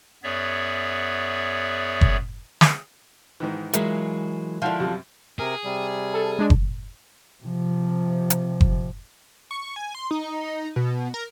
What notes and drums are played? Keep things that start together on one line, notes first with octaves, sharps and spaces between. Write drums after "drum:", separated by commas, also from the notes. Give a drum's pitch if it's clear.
F#2 B3 G#4 C#5 D5 E5
drum: kick F#1
drum: snare
G#2 D#3 E3
E3 F#3 G#3 F4 G#4 A#4 E5, drum: hi-hat
D3 F3 E4 F#4 F5
F#2 C3 G3
C3 G#4 A#4
C3 G3
A4
G#3 D4
drum: kick F#1
C3 F3
drum: hi-hat
drum: kick F#1
C#6
G#5
C6
D#4
B2
A#4